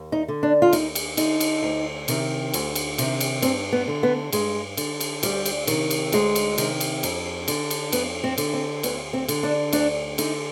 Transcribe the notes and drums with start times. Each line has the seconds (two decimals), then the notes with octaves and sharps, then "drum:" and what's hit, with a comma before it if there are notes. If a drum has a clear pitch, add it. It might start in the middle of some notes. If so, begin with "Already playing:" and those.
Already playing: D#2
0.12 D#4
0.28 D3
0.43 D4
0.62 F4
0.73 D#2 D#4, drum: cymbal
0.95 drum: cymbal
1.17 D3 D#4, drum: cymbal
1.40 drum: cymbal
1.62 D2
2.08 C3 D#3, drum: cymbal
2.54 D2, drum: cymbal
2.75 drum: cymbal
2.98 C3 D#3, drum: cymbal
3.20 drum: cymbal
3.42 G2 C4, drum: cymbal
3.72 B3
3.88 D3
4.03 B3
4.32 G2 G#3, drum: cymbal
4.77 D3, drum: cymbal
5.00 drum: cymbal
5.23 D2 G3, drum: cymbal
5.46 drum: cymbal
5.67 C3 D#3, drum: cymbal
5.91 drum: cymbal
6.12 D2 G#3, drum: cymbal
6.36 drum: cymbal
6.58 C3 D#3, drum: cymbal
6.81 drum: cymbal
7.03 F2, drum: cymbal
7.48 D3, drum: cymbal
7.71 drum: cymbal
7.92 F2 B3, drum: cymbal
8.24 C4
8.38 D3, drum: cymbal
8.53 C4
8.83 D2 B3, drum: cymbal
9.13 C4
9.28 D3, drum: cymbal
9.43 D4
9.73 D2 D4, drum: cymbal
10.18 D3 D#4, drum: cymbal